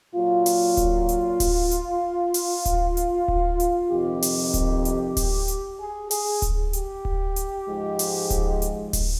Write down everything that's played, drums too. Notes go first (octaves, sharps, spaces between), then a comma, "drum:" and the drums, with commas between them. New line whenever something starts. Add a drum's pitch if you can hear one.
A#2 F#3 F4
drum: open hi-hat
drum: kick D1, hi-hat
drum: hi-hat
drum: kick D1, open hi-hat
drum: hi-hat
drum: open hi-hat
drum: kick D1, hi-hat
drum: hi-hat
drum: kick D1
drum: hi-hat
F2 C3 D#3 G4
drum: open hi-hat
drum: kick D1, hi-hat
drum: hi-hat
drum: kick D1, open hi-hat
drum: hi-hat
G#4
G#4, drum: open hi-hat
drum: kick D1, hi-hat
G4, drum: hi-hat
drum: kick D1
drum: hi-hat
G#2 F3 G#3
drum: open hi-hat
drum: kick D1, hi-hat
drum: hi-hat
drum: kick D1, open hi-hat